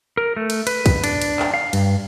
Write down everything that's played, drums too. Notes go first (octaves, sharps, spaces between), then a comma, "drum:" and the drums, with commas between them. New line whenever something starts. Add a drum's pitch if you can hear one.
A#4
A3
drum: cymbal
B4, drum: cymbal
drum: kick, cymbal
D4, drum: cymbal
drum: cymbal
drum: clap
F5
G2, drum: cymbal